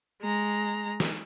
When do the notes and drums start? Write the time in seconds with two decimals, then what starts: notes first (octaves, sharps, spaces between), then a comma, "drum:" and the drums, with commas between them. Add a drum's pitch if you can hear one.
0.22 G#3 A#5
1.00 drum: snare